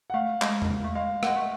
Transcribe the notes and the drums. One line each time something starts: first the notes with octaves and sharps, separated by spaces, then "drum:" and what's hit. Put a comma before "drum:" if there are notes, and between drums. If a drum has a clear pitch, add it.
F#5
A3 F5
G#3, drum: clap
drum: tom E2
A3
G#3 F5
G#3 F#5, drum: rim click
A3